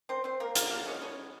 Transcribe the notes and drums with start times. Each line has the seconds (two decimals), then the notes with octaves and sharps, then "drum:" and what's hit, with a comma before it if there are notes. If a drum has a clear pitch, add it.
0.09 C4 C5
0.24 C4 C5
0.40 A#3 A#4
0.55 A#3 A#4, drum: hi-hat
0.71 A#3 A#4
0.86 E3 G#3 B3 C#4 C#5
1.01 C#4 C#5